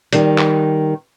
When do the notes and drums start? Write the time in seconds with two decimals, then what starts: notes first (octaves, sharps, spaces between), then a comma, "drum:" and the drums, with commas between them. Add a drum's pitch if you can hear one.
0.13 D#3 G3, drum: hi-hat
0.38 drum: clap